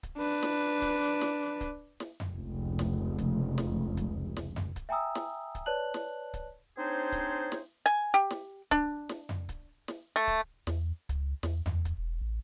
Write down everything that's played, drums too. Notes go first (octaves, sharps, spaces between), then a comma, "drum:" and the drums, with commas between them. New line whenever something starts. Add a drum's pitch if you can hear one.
drum: kick C#1, hi-hat
D4 B4
drum: snare
drum: kick C#1, hi-hat
drum: snare
drum: kick C#1, hi-hat
drum: snare
drum: tom F2
F1 C#2
drum: snare
drum: kick C#1, hi-hat
drum: snare
drum: kick C#1, hi-hat
drum: snare
drum: tom F2
drum: kick C#1, hi-hat
E5 G5 G#5 A#5 D#6 E6
drum: snare
drum: kick C#1, hi-hat
B4 C#5 D5 A5 F#6 F#7
drum: snare
drum: kick C#1, hi-hat
C4 D4 D#4 G#4 C5 C#5
drum: kick C#1, hi-hat
drum: snare
G#5
G4
drum: snare
D4, drum: kick C#1, hi-hat
drum: snare
drum: tom F2
drum: kick C#1, hi-hat
drum: snare
A3
drum: kick C#1, hi-hat
E2, drum: snare
C#2, drum: kick C#1, hi-hat
E2, drum: snare
E2, drum: tom F2
drum: kick C#1, hi-hat
E1
A1